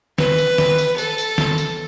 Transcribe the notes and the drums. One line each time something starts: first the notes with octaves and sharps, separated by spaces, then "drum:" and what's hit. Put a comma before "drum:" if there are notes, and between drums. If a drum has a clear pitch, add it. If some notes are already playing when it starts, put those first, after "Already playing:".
B4, drum: snare D#3
drum: tambourine
drum: snare D#3
drum: tambourine
A4, drum: tambourine
drum: tambourine
drum: snare D#3
drum: tambourine